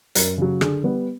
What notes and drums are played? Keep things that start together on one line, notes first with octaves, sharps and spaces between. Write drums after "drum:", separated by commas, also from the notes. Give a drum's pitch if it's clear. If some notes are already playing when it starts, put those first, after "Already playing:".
F#2 A#4, drum: hi-hat
C#3 F#3
D3 G#4, drum: rim click
G3 B3